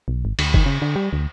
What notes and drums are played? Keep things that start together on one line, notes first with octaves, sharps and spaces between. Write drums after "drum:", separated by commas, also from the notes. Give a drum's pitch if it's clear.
B1
G#1
D2, drum: cymbal
D#3, drum: kick F#1
C#3
D3
G3
D2